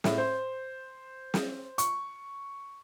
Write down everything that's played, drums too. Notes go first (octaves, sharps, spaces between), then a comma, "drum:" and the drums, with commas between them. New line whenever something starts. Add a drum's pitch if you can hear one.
A2, drum: snare
C5
drum: snare
C#6, drum: hi-hat